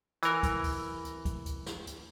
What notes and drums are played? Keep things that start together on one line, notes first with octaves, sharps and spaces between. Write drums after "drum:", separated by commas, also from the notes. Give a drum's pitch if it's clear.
E3 A#4, drum: hi-hat
drum: kick D2, hi-hat
drum: open hi-hat
drum: hi-hat
drum: kick D2, hi-hat
drum: hi-hat
drum: snare
drum: hi-hat